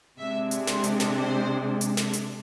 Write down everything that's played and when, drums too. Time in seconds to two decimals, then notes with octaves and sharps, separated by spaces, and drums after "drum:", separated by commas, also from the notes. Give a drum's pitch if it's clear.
0.18 C3 G#3 D4 E5
0.51 drum: hi-hat
0.67 C5, drum: snare
0.84 drum: hi-hat
1.00 drum: snare
1.16 C5
1.81 drum: hi-hat
1.97 drum: snare
2.13 drum: hi-hat